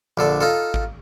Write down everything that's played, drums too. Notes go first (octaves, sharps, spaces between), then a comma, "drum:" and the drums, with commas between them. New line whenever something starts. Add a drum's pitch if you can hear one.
A#1 D3 A4
D#4 F4 A4
drum: kick G#1